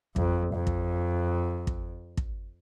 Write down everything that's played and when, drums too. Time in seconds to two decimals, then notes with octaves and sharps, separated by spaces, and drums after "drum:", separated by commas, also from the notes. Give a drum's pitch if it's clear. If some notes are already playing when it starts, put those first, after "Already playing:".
0.16 F2, drum: kick
0.54 F2
0.67 drum: kick
1.67 drum: kick
2.17 drum: kick